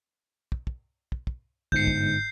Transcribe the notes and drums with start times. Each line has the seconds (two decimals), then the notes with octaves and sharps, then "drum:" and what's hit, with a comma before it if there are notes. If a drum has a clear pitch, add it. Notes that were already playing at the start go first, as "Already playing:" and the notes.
0.52 drum: kick
0.67 drum: kick
1.12 drum: kick
1.27 drum: kick
1.72 G1 G#2 G6 C7 C#7, drum: kick
1.87 drum: kick